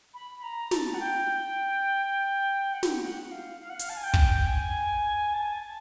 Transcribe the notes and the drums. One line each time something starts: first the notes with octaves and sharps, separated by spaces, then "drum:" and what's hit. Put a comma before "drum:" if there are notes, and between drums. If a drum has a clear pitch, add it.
B5
A#5
A5, drum: snare
F#5
G5
F#5
drum: snare
G5
F#5
F5
F5
F#5
F5, drum: hi-hat
A5
G#5
G5
drum: kick
G#5
A5
A5